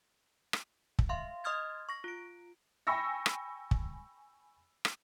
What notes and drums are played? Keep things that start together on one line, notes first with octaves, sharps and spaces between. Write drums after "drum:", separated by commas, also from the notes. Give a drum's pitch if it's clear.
drum: rim click
drum: kick
E5 F5 C6
D#5 C6 D#6 F6 G#6 A6
C#6 A#6
F4 D7
G5 G#5 B5 C#6 E6 A#6
drum: rim click
drum: kick
drum: rim click